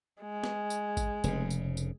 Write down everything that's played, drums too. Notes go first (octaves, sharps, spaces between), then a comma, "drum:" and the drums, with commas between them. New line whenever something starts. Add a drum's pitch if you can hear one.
G#3
drum: snare
drum: tambourine
drum: kick, tambourine
F1 C#3, drum: tambourine
drum: tambourine
drum: tambourine